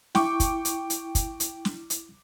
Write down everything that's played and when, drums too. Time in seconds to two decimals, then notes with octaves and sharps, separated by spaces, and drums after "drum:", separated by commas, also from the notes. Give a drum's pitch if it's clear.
0.15 E4 G5 C#6 D6, drum: snare
0.40 drum: kick, hi-hat
0.65 drum: hi-hat
0.90 drum: hi-hat
1.15 drum: kick, hi-hat
1.40 drum: hi-hat
1.65 drum: snare
1.90 drum: hi-hat